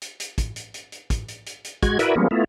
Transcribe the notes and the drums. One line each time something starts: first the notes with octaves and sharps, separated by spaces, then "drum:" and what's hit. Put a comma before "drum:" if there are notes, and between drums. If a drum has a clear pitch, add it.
drum: hi-hat
drum: hi-hat
drum: kick, hi-hat
drum: hi-hat
drum: hi-hat
drum: hi-hat
drum: kick, hi-hat
drum: hi-hat
drum: hi-hat
drum: hi-hat
G#3 F#4 G#6, drum: kick, hi-hat
E4 F#4 A#4 B4 D5 E5, drum: hi-hat
F3 G3 G#3 A#3 B3 C#4
A3 B3 E4 F4